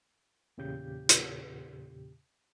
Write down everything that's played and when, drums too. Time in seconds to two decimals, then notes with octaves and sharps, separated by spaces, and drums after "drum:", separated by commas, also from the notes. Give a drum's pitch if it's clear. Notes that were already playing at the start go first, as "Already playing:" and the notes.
0.58 E2 A#2 C#3 G4 G6
1.09 drum: hi-hat